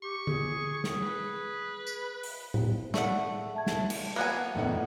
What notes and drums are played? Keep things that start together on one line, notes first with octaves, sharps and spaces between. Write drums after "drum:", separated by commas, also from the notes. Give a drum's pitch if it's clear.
G4 C#6
G#4, drum: tom D3
drum: snare
B4
drum: tambourine
drum: open hi-hat
drum: tom A2
A3 G#4 D5 F#5, drum: snare
E5 A5 G#6
drum: snare
drum: cymbal
A#3 B3 B4 G#5 F#6 G#6
A#1 E2 A2 D#4 F#5